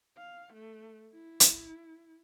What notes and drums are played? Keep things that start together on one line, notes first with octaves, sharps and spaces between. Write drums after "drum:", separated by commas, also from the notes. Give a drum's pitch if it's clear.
F5
A3
E4
drum: hi-hat